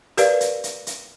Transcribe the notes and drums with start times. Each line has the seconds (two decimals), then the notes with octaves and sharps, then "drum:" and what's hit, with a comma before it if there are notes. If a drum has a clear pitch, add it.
0.17 G4 A#4 B4 D5 F5, drum: hi-hat
0.41 drum: hi-hat
0.64 drum: hi-hat
0.87 drum: hi-hat